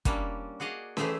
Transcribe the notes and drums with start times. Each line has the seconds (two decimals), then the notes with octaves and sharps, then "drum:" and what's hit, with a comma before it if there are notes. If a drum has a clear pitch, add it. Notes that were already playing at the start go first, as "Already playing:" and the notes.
0.05 G3 A#3 C#4 D4 E4, drum: kick, hi-hat
0.60 F#4 G#4 D5 D#5 F5
0.97 E3 A3 G4 G#4 C5 E5, drum: snare